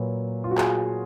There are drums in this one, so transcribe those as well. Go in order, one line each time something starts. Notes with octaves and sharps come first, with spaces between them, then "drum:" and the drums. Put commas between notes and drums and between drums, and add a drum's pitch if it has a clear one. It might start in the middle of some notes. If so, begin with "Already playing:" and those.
Already playing: A#2 F#3 B4
F4
F#4
G#4, drum: clap